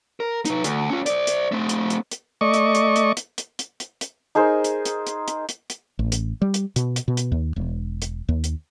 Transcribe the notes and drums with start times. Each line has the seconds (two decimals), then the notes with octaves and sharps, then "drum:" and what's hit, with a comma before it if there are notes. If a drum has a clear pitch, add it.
0.20 A#4
0.45 D#4 B4, drum: hi-hat
0.64 D2, drum: hi-hat
0.90 C#4 F4
1.06 C5 D5, drum: hi-hat
1.27 drum: hi-hat
1.52 A3 C4
1.69 drum: hi-hat
1.90 drum: hi-hat
2.11 drum: hi-hat
2.41 A3 D5 D#5 C#6
2.54 drum: hi-hat
2.75 drum: hi-hat
2.96 drum: hi-hat
3.17 drum: hi-hat
3.38 drum: hi-hat
3.59 drum: hi-hat
3.80 drum: hi-hat
4.01 drum: hi-hat
4.35 D#4 G#4 A#4 C5
4.64 drum: hi-hat
4.85 drum: hi-hat
5.07 drum: hi-hat
5.28 drum: hi-hat
5.49 drum: hi-hat
5.70 drum: hi-hat
5.99 A1
6.12 drum: hi-hat
6.42 G3
6.54 drum: hi-hat
6.76 B2, drum: hi-hat
6.96 drum: hi-hat
7.08 B2
7.17 drum: hi-hat
7.32 D#2
7.56 E1
8.02 drum: hi-hat
8.29 D#2
8.44 drum: hi-hat